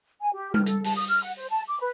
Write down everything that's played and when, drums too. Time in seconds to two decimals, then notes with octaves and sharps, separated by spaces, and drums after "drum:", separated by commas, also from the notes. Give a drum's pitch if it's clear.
0.22 G#5
0.34 G4
0.54 F6, drum: tom G3
0.66 A4, drum: hi-hat
0.84 A5, drum: open hi-hat
0.96 D#6
1.09 F6
1.23 F#5
1.38 C5
1.50 A5
1.68 D6
1.80 B4